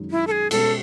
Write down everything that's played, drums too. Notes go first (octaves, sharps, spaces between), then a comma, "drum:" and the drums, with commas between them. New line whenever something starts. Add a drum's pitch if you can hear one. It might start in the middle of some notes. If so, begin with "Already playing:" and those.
Already playing: F#2 D#3 G#3 D#4
E4
A4
G#4
B2 G#3 C#4 A4, drum: cymbal